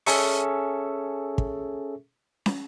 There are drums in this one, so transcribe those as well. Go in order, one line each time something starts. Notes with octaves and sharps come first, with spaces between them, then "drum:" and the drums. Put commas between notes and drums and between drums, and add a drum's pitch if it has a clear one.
C#4 G#4 A4 E5 C#6, drum: open hi-hat
drum: kick
drum: snare